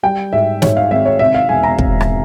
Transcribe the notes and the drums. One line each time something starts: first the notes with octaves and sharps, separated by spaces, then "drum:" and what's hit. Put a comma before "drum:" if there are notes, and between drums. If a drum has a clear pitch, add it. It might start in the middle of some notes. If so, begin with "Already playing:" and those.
G3 G5
G#2 E5
G#2 C#5, drum: snare
F5
G#1 E5
C#5
C3 E5
F5
E1 G#5
A#5
E1, drum: kick
drum: rim click